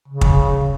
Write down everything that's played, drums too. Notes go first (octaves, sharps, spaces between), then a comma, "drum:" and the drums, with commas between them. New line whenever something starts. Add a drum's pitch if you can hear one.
C#3
drum: kick